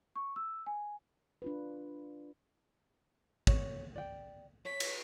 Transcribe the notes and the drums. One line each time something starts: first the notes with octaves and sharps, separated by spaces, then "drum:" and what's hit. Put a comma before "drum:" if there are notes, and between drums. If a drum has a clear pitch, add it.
C#6
E6
G#5
D4 F4 B4
C#5, drum: kick
D5 G5
C#5 B6
drum: cymbal